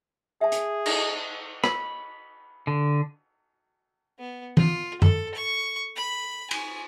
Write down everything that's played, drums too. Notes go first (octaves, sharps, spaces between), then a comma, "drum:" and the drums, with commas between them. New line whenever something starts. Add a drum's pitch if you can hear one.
G#4 E5 A5
drum: hi-hat
drum: cymbal
B5, drum: rim click
D3
B3
F4, drum: tom
A4, drum: tom F#2
C#6
B5
G#5, drum: cymbal